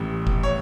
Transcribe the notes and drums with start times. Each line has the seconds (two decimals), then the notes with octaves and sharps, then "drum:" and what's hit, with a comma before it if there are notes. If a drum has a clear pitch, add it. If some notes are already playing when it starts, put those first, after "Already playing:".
Already playing: A1 A2 E3 G3
0.27 drum: kick F1
0.43 C#5